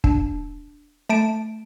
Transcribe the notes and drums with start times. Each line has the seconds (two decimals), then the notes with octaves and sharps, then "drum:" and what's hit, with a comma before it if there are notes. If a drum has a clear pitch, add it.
0.04 D4, drum: kick
1.09 A3 A5 D7